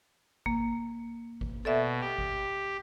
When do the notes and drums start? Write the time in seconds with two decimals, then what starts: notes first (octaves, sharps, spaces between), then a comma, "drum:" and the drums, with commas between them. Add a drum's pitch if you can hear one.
0.46 A#3, drum: kick G#1
1.41 drum: kick G#1
1.65 B2 A4 D5 E5
2.01 G4
2.18 drum: kick G#1